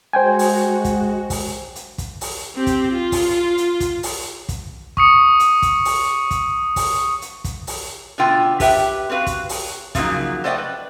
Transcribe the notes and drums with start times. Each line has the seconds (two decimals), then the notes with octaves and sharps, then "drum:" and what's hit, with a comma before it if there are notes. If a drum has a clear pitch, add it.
0.13 G#3 F#4 C5 G5 G#5
0.39 drum: open hi-hat
0.85 drum: kick, hi-hat
1.30 drum: kick, open hi-hat
1.76 drum: hi-hat
1.98 drum: kick, hi-hat
2.21 drum: open hi-hat
2.55 C4 G4
2.67 drum: kick, hi-hat
2.92 F4
3.12 drum: kick, open hi-hat
3.58 drum: hi-hat
3.80 drum: kick, hi-hat
4.03 drum: open hi-hat
4.49 drum: kick, hi-hat
4.97 C#6 D#6 C#7, drum: kick
5.40 drum: hi-hat
5.62 drum: kick, hi-hat
5.85 drum: open hi-hat
6.31 drum: kick, hi-hat
6.76 drum: kick, open hi-hat
7.22 drum: hi-hat
7.44 drum: kick, hi-hat
7.67 drum: open hi-hat
8.18 B2 D3 A3 B3 F4 G5
8.60 G4 B4 E5 G5, drum: kick, open hi-hat
9.10 C4 F#4 B4 F5
9.26 drum: kick, hi-hat
9.49 drum: open hi-hat
9.95 C#3 F3 F#3 A#3 D#4, drum: kick, hi-hat
10.44 A3 C5 D5 D#5 F5 G5
10.58 B4